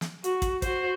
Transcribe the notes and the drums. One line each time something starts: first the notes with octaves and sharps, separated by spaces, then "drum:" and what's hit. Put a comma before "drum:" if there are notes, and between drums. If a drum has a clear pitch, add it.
drum: snare
F#4, drum: hi-hat
drum: kick, hi-hat
F#4 C5, drum: kick, hi-hat